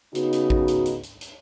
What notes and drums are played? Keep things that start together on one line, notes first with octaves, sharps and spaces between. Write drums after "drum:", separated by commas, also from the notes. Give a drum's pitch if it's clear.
C#3 B3 D#4 F#4, drum: hi-hat
drum: hi-hat
drum: kick A1
drum: hi-hat
drum: hi-hat
drum: hi-hat
drum: hi-hat